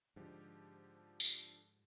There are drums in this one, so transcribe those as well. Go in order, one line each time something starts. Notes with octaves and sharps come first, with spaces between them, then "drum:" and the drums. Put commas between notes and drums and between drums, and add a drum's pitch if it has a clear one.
G#2 D3 F3 G4
drum: tambourine